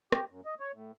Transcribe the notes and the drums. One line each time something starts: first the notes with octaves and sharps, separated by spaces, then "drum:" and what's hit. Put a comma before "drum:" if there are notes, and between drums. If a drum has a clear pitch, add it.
G4, drum: rim click
F#2
D#5
C#5
A2